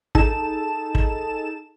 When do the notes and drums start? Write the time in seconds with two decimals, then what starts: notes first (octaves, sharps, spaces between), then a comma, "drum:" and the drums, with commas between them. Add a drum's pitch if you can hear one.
0.15 D#4 G#4 A4 A5 E7, drum: kick
0.95 drum: kick